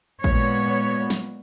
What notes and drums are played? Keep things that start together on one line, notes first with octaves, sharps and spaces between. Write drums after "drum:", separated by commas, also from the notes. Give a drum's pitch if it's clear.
A#2 G#3 B3 C#5, drum: kick A1
drum: snare